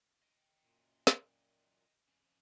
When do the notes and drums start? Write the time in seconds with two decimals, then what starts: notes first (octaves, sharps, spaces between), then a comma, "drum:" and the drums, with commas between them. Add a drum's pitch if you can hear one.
0.22 D#5 G5
0.60 F#2 A#2
1.07 drum: snare
2.08 F2 C#3